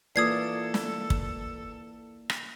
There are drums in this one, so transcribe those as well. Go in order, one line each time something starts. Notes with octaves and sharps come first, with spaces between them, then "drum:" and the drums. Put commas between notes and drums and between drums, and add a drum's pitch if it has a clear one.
E3 A#3 F4 A4 D5 D#6 G#6 C7
drum: snare
drum: kick
drum: rim click